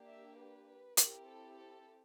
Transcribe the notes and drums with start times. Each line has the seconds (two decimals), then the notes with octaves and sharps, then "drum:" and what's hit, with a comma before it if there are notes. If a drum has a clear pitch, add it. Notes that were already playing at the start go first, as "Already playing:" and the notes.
Already playing: A#3 D4 G4
0.09 E5
0.37 B4
0.97 C4 E4 G4 A#4, drum: hi-hat
1.27 A4
1.56 A4